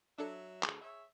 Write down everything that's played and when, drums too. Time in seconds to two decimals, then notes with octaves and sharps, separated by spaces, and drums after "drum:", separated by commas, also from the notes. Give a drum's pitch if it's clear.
0.18 F#3 D4 A4 E5 C#7
0.63 D2 G#4, drum: clap
0.82 G#4 C#5 E5